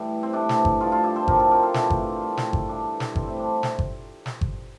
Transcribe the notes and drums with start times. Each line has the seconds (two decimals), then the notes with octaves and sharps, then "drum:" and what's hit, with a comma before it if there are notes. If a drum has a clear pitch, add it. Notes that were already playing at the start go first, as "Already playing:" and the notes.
Already playing: A2 E3 G3 A3 E4
0.23 C4
0.33 C3 E3 A3 D4
0.49 drum: snare
0.65 drum: kick G1
0.80 G2 F3 A3 F4 A4
0.92 F4 A4
1.04 E4 G4
1.16 A4 C5
1.28 A2 F3 A3 G4 A#4, drum: kick G1
1.40 F4 A4
1.51 G4 A#4
1.63 F4 A4
1.74 C3 E3 A3 D4 F4, drum: snare
1.90 drum: kick G1
2.21 A2 G3
2.37 drum: snare
2.53 drum: kick G1
2.69 G2 E3 G3 D4
3.00 drum: snare
3.16 A2 G3 C4 E4, drum: kick G1
3.28 C4 E4
3.39 D4
3.63 drum: snare
3.79 drum: kick G1
4.26 drum: snare
4.41 drum: kick G1